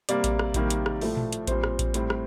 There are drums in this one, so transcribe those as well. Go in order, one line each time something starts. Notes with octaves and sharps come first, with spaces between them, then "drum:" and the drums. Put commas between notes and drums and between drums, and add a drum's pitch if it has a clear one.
C3 G3 A#3 D5, drum: hi-hat
drum: kick A1, hi-hat
drum: rim click
C3 D#3 G3 A#3, drum: kick A1, hi-hat
drum: hi-hat
drum: rim click
A2 F3 A3, drum: open hi-hat
drum: tom A#2
drum: hi-hat
A#2 G3 C4 C5, drum: kick A1, hi-hat
drum: rim click
drum: kick A1, hi-hat
A2 G3 C4, drum: hi-hat
drum: rim click